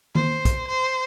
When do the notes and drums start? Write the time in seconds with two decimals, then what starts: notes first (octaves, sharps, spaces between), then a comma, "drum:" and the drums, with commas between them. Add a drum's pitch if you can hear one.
0.15 C5, drum: tom D#3
0.45 drum: kick, hi-hat
0.68 C5